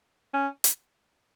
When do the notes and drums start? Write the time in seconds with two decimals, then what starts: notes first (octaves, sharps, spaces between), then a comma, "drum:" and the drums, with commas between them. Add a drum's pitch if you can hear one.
0.33 C#4
0.64 drum: hi-hat